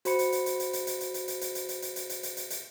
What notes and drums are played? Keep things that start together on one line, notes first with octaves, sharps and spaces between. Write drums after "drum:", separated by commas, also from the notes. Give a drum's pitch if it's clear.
F#4 C5 B5 C#7, drum: hi-hat
drum: hi-hat
drum: hi-hat
drum: hi-hat
drum: hi-hat
drum: hi-hat
drum: hi-hat
drum: hi-hat
drum: hi-hat
drum: hi-hat
drum: hi-hat
drum: hi-hat
drum: hi-hat
drum: hi-hat
drum: hi-hat
drum: hi-hat
drum: hi-hat
drum: hi-hat
drum: hi-hat